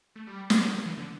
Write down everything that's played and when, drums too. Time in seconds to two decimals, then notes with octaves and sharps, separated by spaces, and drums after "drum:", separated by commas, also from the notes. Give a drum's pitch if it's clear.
0.16 A3
0.27 G3
0.50 drum: snare
0.75 F#3
0.86 E3
0.98 D3